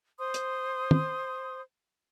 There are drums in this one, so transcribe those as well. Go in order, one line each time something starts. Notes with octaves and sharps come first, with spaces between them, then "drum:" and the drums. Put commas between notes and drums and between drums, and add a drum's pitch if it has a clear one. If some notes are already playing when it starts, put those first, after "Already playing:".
C5 C6 D#6
drum: hi-hat
drum: tom